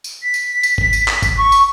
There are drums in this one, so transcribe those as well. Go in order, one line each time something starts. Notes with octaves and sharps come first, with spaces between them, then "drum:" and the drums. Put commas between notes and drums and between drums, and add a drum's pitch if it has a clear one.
drum: tambourine
B6
drum: tambourine
drum: tambourine
drum: kick
drum: tambourine
drum: clap
drum: kick, tambourine
C#6
drum: tambourine